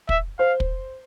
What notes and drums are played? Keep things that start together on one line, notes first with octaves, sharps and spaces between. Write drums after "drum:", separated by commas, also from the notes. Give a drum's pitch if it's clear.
E5, drum: kick
C5 F5
drum: kick